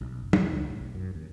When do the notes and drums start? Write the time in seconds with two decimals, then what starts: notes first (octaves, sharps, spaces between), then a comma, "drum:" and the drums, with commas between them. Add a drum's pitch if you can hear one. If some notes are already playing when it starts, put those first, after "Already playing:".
0.01 B1
0.20 F#1
0.33 E2, drum: tom
0.52 C#2
0.69 A2
0.81 B1
0.95 F#2
1.15 D#2